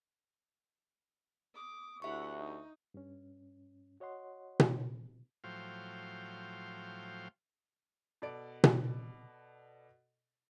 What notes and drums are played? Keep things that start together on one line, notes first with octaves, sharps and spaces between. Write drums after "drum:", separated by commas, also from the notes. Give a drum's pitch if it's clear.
D6 D#6
D2 E4 G4 E5 F#5 C#6
D#4
G2 C#4
F#4 C#5 D#5 F#5 C6
drum: tom B2
A2 F3 F#3 C5 F5 G5
B2 A4 D5 D7
drum: tom B2